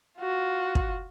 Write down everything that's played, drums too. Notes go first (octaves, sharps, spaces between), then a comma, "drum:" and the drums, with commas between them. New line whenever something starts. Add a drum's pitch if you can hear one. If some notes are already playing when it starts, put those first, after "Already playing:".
F4 F#4
drum: kick